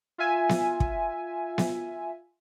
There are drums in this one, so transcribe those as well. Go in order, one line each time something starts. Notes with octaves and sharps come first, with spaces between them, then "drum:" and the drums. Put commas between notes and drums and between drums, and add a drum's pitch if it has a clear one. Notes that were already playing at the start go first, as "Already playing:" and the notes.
F4 E5 G#5
drum: snare B3
drum: kick
drum: snare B3